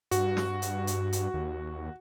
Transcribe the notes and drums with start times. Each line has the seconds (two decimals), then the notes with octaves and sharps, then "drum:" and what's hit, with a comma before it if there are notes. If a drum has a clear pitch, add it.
0.11 G2 F#4, drum: hi-hat
0.37 drum: snare
0.62 drum: hi-hat
0.87 drum: hi-hat
1.13 drum: hi-hat
1.34 D#2